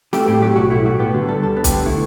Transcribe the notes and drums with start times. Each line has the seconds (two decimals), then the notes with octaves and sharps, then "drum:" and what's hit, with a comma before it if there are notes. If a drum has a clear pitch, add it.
0.13 A3 G4, drum: snare C4
0.28 A2 G4
0.42 F#3 G4
0.56 B1 F#4
0.70 A3 E4
0.86 A2 F#4
0.99 B3 G4
1.14 D3
1.28 G3 A4
1.42 D2 A4
1.57 B3
1.64 G4, drum: kick B1, hi-hat
1.71 D3
1.86 A3 E4